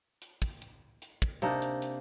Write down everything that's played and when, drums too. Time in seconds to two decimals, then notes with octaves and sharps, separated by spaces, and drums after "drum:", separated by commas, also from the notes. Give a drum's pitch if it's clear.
0.22 drum: hi-hat
0.42 drum: kick, open hi-hat
0.62 drum: hi-hat
1.02 drum: hi-hat
1.22 drum: kick, open hi-hat
1.42 C3 A#3 D4 D#4, drum: hi-hat
1.62 drum: hi-hat
1.82 drum: hi-hat